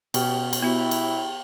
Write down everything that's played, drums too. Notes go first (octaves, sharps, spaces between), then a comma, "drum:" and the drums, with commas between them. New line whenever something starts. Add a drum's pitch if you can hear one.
B2 C#4 G4, drum: cymbal
drum: cymbal
B3 E4 F#4 G4
drum: cymbal